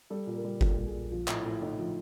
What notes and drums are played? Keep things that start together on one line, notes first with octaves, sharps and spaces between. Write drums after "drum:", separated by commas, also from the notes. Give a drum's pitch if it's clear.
G3 A4
A#2
A#4
G3
A#2 A4, drum: kick G1
G3
G#4
A#2
F3
A2, drum: clap
E4
A2
A2 D#4
F3